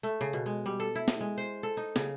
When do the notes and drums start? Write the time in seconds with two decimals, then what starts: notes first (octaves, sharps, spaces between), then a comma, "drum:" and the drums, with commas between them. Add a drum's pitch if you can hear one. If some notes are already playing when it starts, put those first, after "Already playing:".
0.03 A3
0.21 C#3
0.33 B2
0.46 G#3
0.66 G3
0.80 A4
0.95 E4
1.08 drum: snare
1.20 G#3
1.38 C5
1.63 A4
1.77 D#4
1.96 C#3, drum: snare